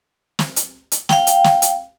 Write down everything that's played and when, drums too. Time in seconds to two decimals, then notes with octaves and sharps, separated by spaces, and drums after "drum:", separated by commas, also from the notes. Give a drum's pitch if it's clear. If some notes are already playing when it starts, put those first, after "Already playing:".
0.39 drum: snare
0.56 drum: hi-hat
0.92 drum: hi-hat
1.09 F5 G5, drum: snare
1.27 drum: hi-hat
1.44 drum: snare
1.62 drum: hi-hat